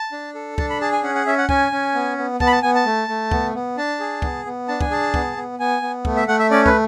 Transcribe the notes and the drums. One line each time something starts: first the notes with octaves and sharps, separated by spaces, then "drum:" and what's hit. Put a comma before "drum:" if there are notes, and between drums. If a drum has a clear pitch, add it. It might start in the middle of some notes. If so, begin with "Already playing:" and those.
Already playing: A5
D4
A4
D4 A5, drum: kick
B5
G#4 A5
G#5
C#4 F#5
F#5
C#4 E5
F#5
C#4 G#5, drum: kick
C#4
B3
B3
B3 A5, drum: kick
B5
A5
B3 G#5
A5
A3
A3
B3, drum: kick
B3
D4 A5
G#4
B3, drum: kick
B3
D4 A5
G#5, drum: kick
G#4 A5
B3, drum: kick
B3
B3 G#5
B3
A3, drum: kick
E5
A3 F#5
E5
C#4 D5
B4, drum: kick